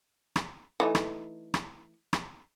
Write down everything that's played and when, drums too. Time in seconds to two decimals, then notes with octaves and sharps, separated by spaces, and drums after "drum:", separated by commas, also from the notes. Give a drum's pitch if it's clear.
0.36 drum: rim click
0.80 E3 A3 D#4
0.95 drum: rim click
1.54 drum: rim click
2.13 drum: rim click